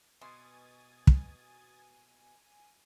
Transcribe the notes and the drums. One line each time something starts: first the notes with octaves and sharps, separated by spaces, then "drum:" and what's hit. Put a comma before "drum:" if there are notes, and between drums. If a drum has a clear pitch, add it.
B2 G#5 C6 D#6 G#6 A6
drum: kick